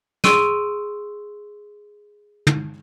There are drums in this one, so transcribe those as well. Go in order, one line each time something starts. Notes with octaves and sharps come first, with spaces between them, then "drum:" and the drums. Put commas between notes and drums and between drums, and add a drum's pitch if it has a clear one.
G#4 C6 C#6 E6 D7 D#7, drum: snare
drum: tom